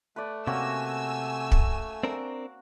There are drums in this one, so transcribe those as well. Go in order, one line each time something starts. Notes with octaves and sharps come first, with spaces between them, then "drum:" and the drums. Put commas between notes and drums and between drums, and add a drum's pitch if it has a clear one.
A3 B4 D5
C3 A#3 C#4 F#4 G#5 E6
drum: kick
C4 D4 A#4